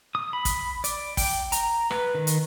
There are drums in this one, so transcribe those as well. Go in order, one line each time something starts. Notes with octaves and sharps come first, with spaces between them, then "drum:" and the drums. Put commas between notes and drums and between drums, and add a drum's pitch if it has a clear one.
D#6
B5
drum: kick, hi-hat
D5, drum: hi-hat
G5, drum: kick, open hi-hat
A#5, drum: hi-hat
B4, drum: rim click
D#3
drum: hi-hat